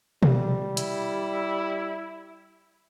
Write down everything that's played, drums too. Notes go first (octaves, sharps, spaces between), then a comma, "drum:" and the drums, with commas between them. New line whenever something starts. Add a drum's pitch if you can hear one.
G3, drum: tom B2
E4, drum: hi-hat